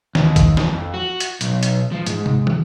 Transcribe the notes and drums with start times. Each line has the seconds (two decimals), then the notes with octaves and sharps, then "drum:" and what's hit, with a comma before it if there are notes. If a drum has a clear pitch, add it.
0.15 D#2, drum: snare
0.36 drum: kick, hi-hat
0.57 drum: snare
0.70 F2
0.94 F#4
1.20 drum: hi-hat
1.41 B1, drum: hi-hat
1.63 drum: hi-hat
1.92 F3
2.06 G#2, drum: hi-hat
2.26 drum: tom
2.47 drum: tom